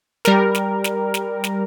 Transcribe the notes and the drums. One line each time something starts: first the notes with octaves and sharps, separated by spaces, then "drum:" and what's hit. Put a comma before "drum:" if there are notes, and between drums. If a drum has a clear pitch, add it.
G3 A#4, drum: snare
drum: snare
drum: snare
drum: snare
drum: snare